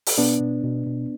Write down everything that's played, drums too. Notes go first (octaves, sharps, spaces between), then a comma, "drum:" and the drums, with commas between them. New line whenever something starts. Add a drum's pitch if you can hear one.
drum: open hi-hat
B2 B3 D4
B2
B2
B2